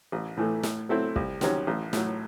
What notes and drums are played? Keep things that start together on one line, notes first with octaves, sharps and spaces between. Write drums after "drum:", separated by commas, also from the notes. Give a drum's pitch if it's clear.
A1
A2 E3 A3
A2, drum: snare
F#3 A3 C4 E4
C2, drum: kick
C3 D#3 F#3 C#4, drum: snare
A1
A2 F#3, drum: snare